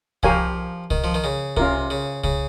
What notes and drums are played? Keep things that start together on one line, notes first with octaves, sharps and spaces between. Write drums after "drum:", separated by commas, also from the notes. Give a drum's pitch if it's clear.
F3 G4 A#4 C#5 F5 G#5, drum: kick C2
D#3, drum: kick C2
F3
D#3
C#3
C3 C#4 F4 A#4, drum: kick C2
C#3
C#3, drum: kick C2